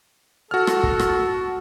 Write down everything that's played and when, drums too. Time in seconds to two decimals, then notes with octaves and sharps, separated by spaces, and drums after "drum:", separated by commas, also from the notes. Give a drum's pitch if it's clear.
0.51 F#4 A4 F6
0.67 drum: rim click
0.83 drum: kick
1.00 drum: rim click